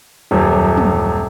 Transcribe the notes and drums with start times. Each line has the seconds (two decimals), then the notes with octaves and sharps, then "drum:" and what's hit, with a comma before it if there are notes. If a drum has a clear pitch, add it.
0.31 D#1 F#2
0.77 drum: tom